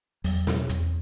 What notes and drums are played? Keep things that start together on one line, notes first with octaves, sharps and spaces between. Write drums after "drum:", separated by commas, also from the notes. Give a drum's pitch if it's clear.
E2 F#3, drum: open hi-hat
B2, drum: snare
E2, drum: hi-hat